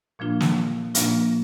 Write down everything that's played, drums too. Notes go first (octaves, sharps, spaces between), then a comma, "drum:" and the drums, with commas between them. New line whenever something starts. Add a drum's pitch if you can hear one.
A#2 F3 A#3 D4 F4
drum: snare
A#2 F3 A#3 D4 F4, drum: hi-hat